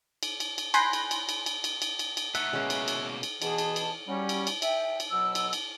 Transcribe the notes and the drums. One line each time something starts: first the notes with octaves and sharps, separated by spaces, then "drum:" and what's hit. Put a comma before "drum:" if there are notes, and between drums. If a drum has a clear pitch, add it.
drum: cymbal
drum: cymbal
drum: cymbal
G#5 B5 C6 F#6 G6 A#6, drum: cymbal
drum: cymbal
drum: cymbal
drum: cymbal
drum: cymbal
drum: cymbal
drum: cymbal
drum: cymbal
drum: cymbal
A3 D#4 E5 F#5, drum: cymbal
B2 G#3 A#3 C#4 B4
drum: cymbal
drum: cymbal
drum: cymbal
B2 E3 G#4 A5, drum: cymbal
drum: cymbal
drum: cymbal
F#3 G3 C#4 G4
drum: cymbal
drum: cymbal
E5 G5, drum: cymbal
drum: cymbal
B2 F#3 E6
drum: cymbal
drum: cymbal